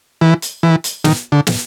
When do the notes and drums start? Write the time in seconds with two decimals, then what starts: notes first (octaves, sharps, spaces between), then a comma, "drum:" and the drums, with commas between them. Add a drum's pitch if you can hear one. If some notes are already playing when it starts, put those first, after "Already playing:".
0.21 E3
0.42 drum: hi-hat
0.63 E3
0.84 drum: hi-hat
1.04 D#3, drum: snare
1.32 D3
1.47 drum: snare